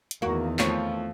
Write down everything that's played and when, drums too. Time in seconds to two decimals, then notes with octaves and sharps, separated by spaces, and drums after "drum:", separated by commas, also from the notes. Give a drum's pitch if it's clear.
0.11 drum: hi-hat
0.22 E2 D#3 A#3 F#4
0.59 F2 F3 A3 C#5, drum: clap